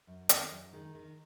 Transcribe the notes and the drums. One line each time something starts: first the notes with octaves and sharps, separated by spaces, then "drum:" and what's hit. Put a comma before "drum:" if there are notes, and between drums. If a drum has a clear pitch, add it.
F#2
D#3 G#3, drum: hi-hat
F#2
D#3 G#3
D#3